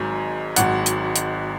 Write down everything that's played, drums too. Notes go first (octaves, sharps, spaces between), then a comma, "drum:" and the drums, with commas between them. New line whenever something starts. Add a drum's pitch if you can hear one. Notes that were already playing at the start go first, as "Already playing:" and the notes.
Already playing: G#1 G#2 F#3 G#5
G#1 G#2 F#3 F#5, drum: hi-hat
drum: hi-hat
drum: hi-hat